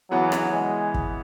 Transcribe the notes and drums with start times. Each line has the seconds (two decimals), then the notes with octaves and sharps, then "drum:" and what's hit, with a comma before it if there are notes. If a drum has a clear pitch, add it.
0.11 C#3 E3 F#3 B3 F#4
0.32 drum: rim click
0.53 G#3
0.94 drum: kick